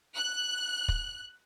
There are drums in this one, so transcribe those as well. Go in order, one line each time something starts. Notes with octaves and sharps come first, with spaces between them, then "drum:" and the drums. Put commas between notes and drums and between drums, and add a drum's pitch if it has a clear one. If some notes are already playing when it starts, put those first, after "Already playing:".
F#6
drum: kick